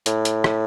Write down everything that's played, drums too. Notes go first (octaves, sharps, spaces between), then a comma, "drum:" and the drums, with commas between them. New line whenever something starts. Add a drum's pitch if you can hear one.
A2, drum: hi-hat
drum: hi-hat
drum: rim click